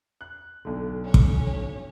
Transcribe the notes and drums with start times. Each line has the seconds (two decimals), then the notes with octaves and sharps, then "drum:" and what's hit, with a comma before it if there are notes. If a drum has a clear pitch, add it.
0.21 F#6
0.65 B1 D3
1.04 C#4 C#5
1.14 drum: kick